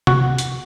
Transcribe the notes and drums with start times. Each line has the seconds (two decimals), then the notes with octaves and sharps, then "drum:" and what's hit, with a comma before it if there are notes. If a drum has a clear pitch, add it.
0.07 F#4, drum: tom C3
0.38 drum: hi-hat